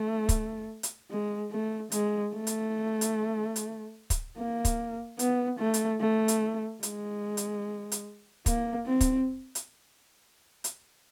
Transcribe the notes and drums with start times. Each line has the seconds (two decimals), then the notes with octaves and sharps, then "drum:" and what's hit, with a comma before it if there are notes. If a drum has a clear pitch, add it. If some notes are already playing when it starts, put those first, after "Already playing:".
Already playing: A3
0.29 drum: kick, hi-hat
0.83 drum: hi-hat
1.10 G#3
1.51 A3
1.92 G#3, drum: hi-hat
2.33 A3
2.47 drum: hi-hat
3.01 drum: hi-hat
3.56 drum: hi-hat
4.10 drum: kick, hi-hat
4.37 A#3
4.65 drum: kick, hi-hat
5.19 B3, drum: hi-hat
5.59 A3
5.74 drum: hi-hat
6.01 A3
6.28 drum: hi-hat
6.83 G#3, drum: hi-hat
7.37 drum: hi-hat
7.92 drum: hi-hat
8.46 A#3, drum: kick, hi-hat
8.87 C4
9.01 drum: kick, hi-hat
9.55 drum: hi-hat
10.64 drum: hi-hat